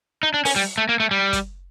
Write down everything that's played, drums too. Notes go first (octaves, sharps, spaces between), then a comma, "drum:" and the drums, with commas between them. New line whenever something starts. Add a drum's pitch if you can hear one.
D#4
D4
C#4, drum: open hi-hat
G3
A3
A#3
A3
G3
drum: kick, hi-hat